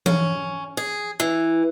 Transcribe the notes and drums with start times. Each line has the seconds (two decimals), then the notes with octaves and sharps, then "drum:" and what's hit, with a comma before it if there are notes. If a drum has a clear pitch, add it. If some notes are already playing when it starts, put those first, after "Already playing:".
0.06 C#4, drum: tom E3
0.77 G#4
1.20 E3